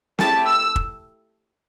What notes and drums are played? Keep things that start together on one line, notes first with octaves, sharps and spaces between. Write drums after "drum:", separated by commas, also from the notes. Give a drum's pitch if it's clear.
A3 E4 G4 A5, drum: snare
E6
drum: kick